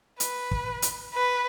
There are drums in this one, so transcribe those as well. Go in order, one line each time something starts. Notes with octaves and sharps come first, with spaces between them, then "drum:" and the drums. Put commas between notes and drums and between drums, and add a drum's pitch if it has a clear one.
B4, drum: hi-hat
drum: kick
drum: hi-hat
B4